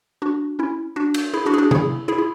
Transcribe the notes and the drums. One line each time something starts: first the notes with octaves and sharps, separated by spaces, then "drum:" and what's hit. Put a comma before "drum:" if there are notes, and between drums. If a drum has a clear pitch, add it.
D4 F#4
C#4 E4
D4 F#4
drum: cymbal
E4 G#4
D4 F#4
G#4
D4 F#4
E4 G#4, drum: tom C3
E4 G#4
E4